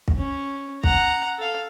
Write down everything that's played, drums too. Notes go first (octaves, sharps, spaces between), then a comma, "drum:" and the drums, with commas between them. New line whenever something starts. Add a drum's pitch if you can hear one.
drum: kick
C#4
F#5 A#5, drum: kick
A4 F5